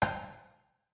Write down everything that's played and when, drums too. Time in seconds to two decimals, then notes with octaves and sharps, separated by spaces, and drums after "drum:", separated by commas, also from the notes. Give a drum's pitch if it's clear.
0.02 C5 F5 A#5 C6, drum: rim click